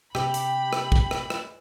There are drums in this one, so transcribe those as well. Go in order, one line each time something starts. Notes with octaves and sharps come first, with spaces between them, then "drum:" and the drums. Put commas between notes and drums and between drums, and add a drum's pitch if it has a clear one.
C3 D4 G4 G5 B5, drum: rim click
drum: hi-hat
drum: rim click
drum: kick
drum: rim click
drum: rim click